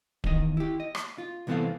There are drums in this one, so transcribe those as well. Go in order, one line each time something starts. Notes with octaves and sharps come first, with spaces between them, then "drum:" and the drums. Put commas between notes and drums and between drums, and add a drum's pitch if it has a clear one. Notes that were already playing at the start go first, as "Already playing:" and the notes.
E2 D#3 D#5, drum: kick D1
E4 G4
D#5
drum: rim click
F4
C2 E3 B3 C4 A4 F5